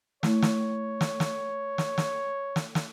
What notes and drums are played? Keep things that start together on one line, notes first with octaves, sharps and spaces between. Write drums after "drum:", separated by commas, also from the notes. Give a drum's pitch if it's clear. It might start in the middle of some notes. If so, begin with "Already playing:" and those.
A3 E4 C#5, drum: snare
drum: snare
drum: snare
drum: snare
drum: snare
drum: snare
drum: snare
drum: snare